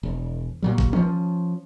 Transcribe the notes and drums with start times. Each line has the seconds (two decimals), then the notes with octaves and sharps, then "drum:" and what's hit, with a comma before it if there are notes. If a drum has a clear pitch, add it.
0.03 E1
0.62 A#2 F#3 G3
0.78 drum: kick G1
0.93 F3 C#4, drum: tom D#3